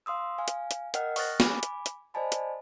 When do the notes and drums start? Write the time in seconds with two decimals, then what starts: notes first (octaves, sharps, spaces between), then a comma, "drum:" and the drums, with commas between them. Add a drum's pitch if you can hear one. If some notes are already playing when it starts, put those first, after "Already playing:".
0.06 F5 C6 D#6 E6
0.38 F5 G#5
0.48 drum: hi-hat
0.71 drum: hi-hat
0.94 A#4 D#5 F#5 G5 F6, drum: hi-hat
1.16 C#6 D#6 F6 F#6 A6 A#6, drum: open hi-hat
1.40 G#5 B5 D6, drum: snare
1.63 drum: hi-hat
1.86 drum: hi-hat
2.14 C5 D5 D#5 G#5 A5 B5
2.32 drum: hi-hat